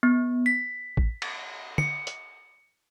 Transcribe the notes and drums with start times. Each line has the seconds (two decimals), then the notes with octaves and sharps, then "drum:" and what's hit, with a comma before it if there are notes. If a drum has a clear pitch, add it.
0.03 B3
0.46 B6
0.97 drum: kick A1
1.22 drum: cymbal
1.78 C#7, drum: tom
2.07 drum: hi-hat